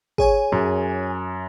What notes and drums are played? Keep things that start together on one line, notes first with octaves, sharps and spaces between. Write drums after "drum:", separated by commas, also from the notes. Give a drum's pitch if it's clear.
G#4 C#5 G#5, drum: kick
F#2, drum: tom F2